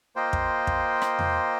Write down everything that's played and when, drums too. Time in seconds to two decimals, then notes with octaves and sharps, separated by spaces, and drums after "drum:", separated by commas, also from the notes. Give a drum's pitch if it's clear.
0.16 A#3 F4 C5 D#5 G5
0.33 drum: kick
0.67 drum: kick
1.02 drum: rim click
1.19 drum: tom E2